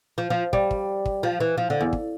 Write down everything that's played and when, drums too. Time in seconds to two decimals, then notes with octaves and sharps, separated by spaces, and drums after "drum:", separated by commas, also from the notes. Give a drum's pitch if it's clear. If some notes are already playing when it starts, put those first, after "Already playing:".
0.18 F3
0.30 F3
0.53 G3, drum: kick
0.71 drum: kick
1.05 drum: kick
1.23 F3
1.40 E3
1.58 F3
1.70 D3
1.81 E2
1.93 drum: kick